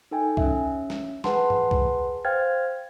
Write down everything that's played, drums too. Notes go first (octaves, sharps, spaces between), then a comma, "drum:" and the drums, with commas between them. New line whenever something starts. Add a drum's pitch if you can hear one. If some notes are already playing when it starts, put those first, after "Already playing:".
D#4 A4 G5 G#5
C#4 E5, drum: kick C2
drum: snare
G#4 B4 F#5 A5 C6, drum: snare
drum: tom G2
drum: kick C2
C5 F5 G5 F6 G#6 A6